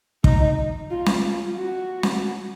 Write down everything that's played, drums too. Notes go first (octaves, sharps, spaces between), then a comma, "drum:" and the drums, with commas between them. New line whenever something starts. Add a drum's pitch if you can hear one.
D#4, drum: kick
F4
drum: snare
F4
F#4
drum: snare